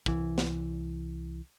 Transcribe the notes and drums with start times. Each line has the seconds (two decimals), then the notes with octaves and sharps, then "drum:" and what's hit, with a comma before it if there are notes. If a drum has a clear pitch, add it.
0.06 C2 E3, drum: kick
0.38 drum: snare